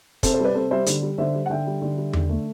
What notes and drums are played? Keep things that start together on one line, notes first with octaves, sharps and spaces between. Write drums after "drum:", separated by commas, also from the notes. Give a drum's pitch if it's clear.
C3 A4 C5, drum: kick, hi-hat
A4 C5
G3
B4 D5
C3 A4 C5
G3 C5 E5
D3, drum: hi-hat
G3
D3 C5 E5
G3
F#5
D3 E5 G5
G3
D3
G3
D3, drum: tom E2
A3